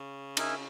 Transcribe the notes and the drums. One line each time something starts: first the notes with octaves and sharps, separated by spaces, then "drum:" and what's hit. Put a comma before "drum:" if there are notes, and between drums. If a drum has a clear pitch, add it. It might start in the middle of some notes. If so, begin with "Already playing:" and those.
Already playing: C#3
D#4 A#4 E5 G#5, drum: cymbal